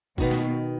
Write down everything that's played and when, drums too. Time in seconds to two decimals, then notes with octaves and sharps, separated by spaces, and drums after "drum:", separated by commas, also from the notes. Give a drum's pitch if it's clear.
0.18 B2 D#3 B3 D#4 F#4, drum: kick G1
0.31 drum: snare